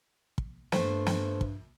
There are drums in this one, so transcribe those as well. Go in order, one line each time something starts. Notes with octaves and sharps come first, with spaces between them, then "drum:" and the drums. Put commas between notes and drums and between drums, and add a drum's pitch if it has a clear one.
drum: kick
G2 A3 C5, drum: snare
drum: snare
drum: kick